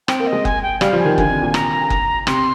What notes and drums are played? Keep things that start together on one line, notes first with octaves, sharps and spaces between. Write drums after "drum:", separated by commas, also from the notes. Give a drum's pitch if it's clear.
C4 G5, drum: rim click
A#3
D#5
G#3
G#5, drum: kick F#1
G5
G3 F5, drum: rim click
F3
G#5
D#3
D3 G#5, drum: kick F#1
C3
A#2
A#5, drum: rim click
drum: kick F#1
C3 C6, drum: rim click